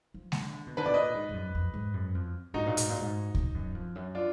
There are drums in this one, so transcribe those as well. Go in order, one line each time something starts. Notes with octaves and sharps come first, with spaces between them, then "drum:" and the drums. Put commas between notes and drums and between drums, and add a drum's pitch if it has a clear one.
F3
drum: snare G#3
D3
B2
D3 B4
B2 D5
A#2 B4 D#5
G#2
G#2
F#2
F2
G#2
F#2
F2
G#2 D#4 F#4
A#2
G#2, drum: hi-hat
A#2
G#2
G#2, drum: kick C#2
F#2
F2
F#2
D4 F4